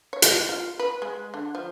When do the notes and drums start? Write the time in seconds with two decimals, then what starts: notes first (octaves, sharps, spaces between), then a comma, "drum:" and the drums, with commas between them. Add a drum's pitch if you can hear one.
0.13 C#5
0.22 drum: hi-hat
0.49 F4
0.79 B4
1.02 G#3
1.34 D3
1.55 F3